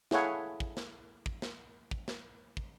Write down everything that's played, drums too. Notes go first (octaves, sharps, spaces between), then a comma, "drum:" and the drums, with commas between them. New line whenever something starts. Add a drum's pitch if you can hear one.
E4 G#4 A4 C#5 F5 F#5, drum: snare
drum: kick
drum: snare
drum: kick
drum: snare
drum: kick
drum: snare
drum: kick